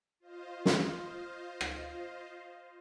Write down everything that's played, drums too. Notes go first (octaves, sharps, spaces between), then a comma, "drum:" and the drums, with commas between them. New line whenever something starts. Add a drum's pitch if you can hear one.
F4 C5 D#5 F5
drum: snare
drum: rim click